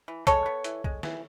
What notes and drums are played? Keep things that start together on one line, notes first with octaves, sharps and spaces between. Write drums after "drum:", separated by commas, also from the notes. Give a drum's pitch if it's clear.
E3
G#3 A4 C#5, drum: kick B1, hi-hat
B3
E3, drum: hi-hat
G#3, drum: kick B1
E3, drum: snare